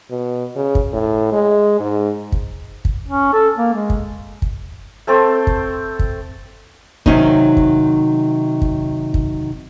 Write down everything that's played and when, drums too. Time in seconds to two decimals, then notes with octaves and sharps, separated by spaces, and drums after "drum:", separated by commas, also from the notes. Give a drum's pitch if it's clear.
0.10 B2
0.56 C#3
0.75 drum: kick
0.93 A2
1.32 G#3
1.80 G#2
2.32 drum: kick
2.85 drum: kick
3.08 C#4
3.33 A4
3.57 A#3
3.74 G#3
3.90 drum: kick
4.42 drum: kick
5.07 A3 C4 A4
5.47 drum: kick
5.99 drum: kick
7.06 C3 D#3 F#3 C#4 D#4, drum: kick
7.57 drum: kick
8.62 drum: kick
9.14 drum: kick